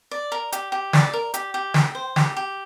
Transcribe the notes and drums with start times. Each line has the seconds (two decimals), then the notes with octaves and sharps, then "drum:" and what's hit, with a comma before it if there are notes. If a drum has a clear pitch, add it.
0.11 D5
0.32 A#4
0.52 G4, drum: hi-hat
0.72 G4
0.93 D5, drum: snare
1.13 A#4
1.34 G4, drum: hi-hat
1.54 G4
1.74 G5, drum: snare
1.95 C5
2.16 G4, drum: snare
2.37 G4